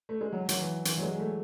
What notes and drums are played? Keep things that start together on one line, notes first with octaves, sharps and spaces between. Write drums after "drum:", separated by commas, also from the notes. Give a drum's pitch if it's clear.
A3
G#3
F#3
F#3, drum: hi-hat
E3
E3, drum: hi-hat
F#3
G#3
A3